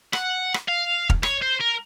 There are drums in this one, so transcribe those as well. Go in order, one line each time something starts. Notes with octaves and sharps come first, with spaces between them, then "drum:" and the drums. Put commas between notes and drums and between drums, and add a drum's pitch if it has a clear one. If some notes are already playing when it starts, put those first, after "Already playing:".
F#5, drum: rim click
drum: rim click
F5
drum: kick
C#5, drum: rim click
C5
A#4